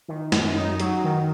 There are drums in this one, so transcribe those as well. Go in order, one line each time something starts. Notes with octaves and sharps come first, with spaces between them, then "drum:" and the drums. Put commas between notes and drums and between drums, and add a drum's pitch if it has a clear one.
D#3
F#2, drum: snare
D#4
F#3, drum: hi-hat
D#3